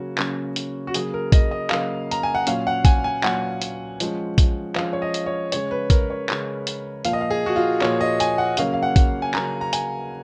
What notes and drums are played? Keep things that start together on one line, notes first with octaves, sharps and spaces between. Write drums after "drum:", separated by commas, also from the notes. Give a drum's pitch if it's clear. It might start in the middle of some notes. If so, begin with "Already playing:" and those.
Already playing: C#3 F#3 A#3 C#4 F#4
C#3 F#3 A#3 C#4, drum: clap
drum: hi-hat
F#4
C#3 F#3 A#3 G#4, drum: hi-hat
A#4
D#5, drum: kick A#1, hi-hat
D#5
C#3 F#3 A#3 F5, drum: clap
A#5, drum: hi-hat
G#5
F#5
A#2 F#3 C#4 F5, drum: hi-hat
F#5
G#5, drum: kick A#1, hi-hat
G#5
A#2 F#3 C#4 F#5, drum: clap
drum: hi-hat
F3 G#3 C#4, drum: hi-hat
drum: kick A#1, hi-hat
F3 G#3 C#4 F5, drum: clap
C#5
D#5
drum: hi-hat
C#5
C#3 G#3 C#4 C#5, drum: hi-hat
B4
A#4, drum: kick A#1, hi-hat
C#5
C#3 G#3 C#4, drum: clap
drum: hi-hat
A#2 F3 A#3 F5, drum: hi-hat
D#5
F5
G#4
F#4
F4
A#2 F3 A#3 C#5, drum: clap
D#5
G#5, drum: hi-hat
F#5
C#3 F#3 A#3 C#4 F5, drum: hi-hat
F5
F#5
drum: kick A#1, hi-hat
G#5
C#3 F#3 A#3 C#4 A#5, drum: clap
A#5
G#5, drum: hi-hat